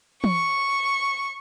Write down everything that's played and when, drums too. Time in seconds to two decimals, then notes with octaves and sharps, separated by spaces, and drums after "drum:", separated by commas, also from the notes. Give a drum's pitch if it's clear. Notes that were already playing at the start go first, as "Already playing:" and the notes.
0.24 C#6, drum: tom